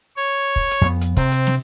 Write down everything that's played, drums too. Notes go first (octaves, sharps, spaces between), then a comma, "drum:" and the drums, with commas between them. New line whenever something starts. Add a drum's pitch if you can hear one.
C#5
drum: kick
drum: hi-hat
F2 B3
drum: hi-hat
C3 C4, drum: kick, hi-hat
drum: hi-hat
drum: snare